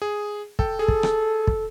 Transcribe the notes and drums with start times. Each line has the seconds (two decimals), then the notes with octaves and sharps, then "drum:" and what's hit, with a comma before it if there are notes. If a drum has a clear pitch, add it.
0.02 G#4
0.59 A4 G5, drum: kick
0.79 G#4 A4
0.88 drum: kick
1.03 drum: rim click
1.47 drum: kick